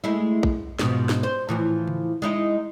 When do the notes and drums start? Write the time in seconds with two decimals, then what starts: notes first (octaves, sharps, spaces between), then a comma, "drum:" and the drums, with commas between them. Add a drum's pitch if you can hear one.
0.04 G#3 A3 E4
0.43 drum: kick
0.79 G#2 B2 F3, drum: snare
1.09 drum: snare
1.23 C5
1.49 A2 E3 F3
1.88 drum: tom C#3
2.22 G#3 D#4 E4